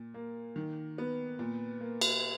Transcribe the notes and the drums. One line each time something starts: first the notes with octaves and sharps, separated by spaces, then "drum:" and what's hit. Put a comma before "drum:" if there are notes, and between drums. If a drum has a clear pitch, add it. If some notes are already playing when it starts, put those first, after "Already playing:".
Already playing: A#2
A#3
D#3
B3
A#2
A#3
drum: cymbal